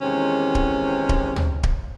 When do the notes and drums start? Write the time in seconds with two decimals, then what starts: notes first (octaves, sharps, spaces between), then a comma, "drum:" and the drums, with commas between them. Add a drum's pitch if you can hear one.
0.01 E2 C3 D#3 G#3 C#4
0.55 drum: kick D1
1.09 drum: kick D1
1.36 drum: tom
1.63 drum: kick D1